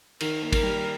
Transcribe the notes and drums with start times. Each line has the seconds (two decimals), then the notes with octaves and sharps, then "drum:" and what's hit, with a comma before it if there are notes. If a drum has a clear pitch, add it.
0.20 D#3 A#4, drum: cymbal
0.42 A#3
0.52 A#4, drum: kick, cymbal
0.63 G3